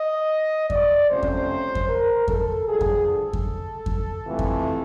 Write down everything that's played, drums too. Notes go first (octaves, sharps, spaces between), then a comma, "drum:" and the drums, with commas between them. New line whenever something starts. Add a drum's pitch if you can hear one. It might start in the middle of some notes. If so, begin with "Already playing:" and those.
Already playing: D#5
D5, drum: kick F2
C3 F3 A3 C#4 C5
drum: kick F2
drum: kick F2
A#4
A4, drum: kick F2
G2 D3 F3 G#4
drum: kick F2
A4
drum: kick F2
drum: kick F2
F2 C3 E3 A3
drum: kick F2